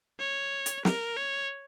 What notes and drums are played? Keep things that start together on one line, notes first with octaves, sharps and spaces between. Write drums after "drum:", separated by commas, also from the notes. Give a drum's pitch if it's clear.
C#5
drum: hi-hat
A#4, drum: snare
C#5